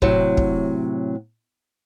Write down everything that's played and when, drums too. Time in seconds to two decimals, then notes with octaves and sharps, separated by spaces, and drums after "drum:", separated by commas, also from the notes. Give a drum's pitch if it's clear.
0.02 A2 C3 F#3, drum: kick
0.37 drum: kick